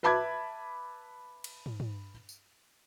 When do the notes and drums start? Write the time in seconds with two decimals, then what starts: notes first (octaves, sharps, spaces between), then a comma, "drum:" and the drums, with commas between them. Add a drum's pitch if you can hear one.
0.03 B4 E5 A5 B5 D6 G#6
1.44 drum: cymbal
1.66 drum: tom
1.80 drum: tom
2.29 drum: tambourine